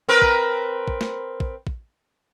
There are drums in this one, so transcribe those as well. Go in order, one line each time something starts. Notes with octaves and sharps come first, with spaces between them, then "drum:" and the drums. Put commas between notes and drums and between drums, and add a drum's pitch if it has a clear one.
C4 A#4 B4
drum: kick
drum: kick
drum: snare
drum: kick
drum: kick